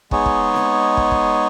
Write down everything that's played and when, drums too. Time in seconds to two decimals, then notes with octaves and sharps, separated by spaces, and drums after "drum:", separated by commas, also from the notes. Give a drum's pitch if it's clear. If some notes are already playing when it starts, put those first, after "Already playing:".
0.11 G#3 B3 D#4 G#4 C#5, drum: kick
0.26 drum: kick
0.54 drum: snare C4
0.97 drum: kick
1.11 drum: kick